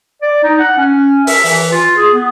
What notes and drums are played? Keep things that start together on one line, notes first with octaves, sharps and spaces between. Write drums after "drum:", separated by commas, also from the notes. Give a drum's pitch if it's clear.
D5
D#4
F#5
C#4
E5, drum: open hi-hat
E3, drum: open hi-hat
F4
G#4
B3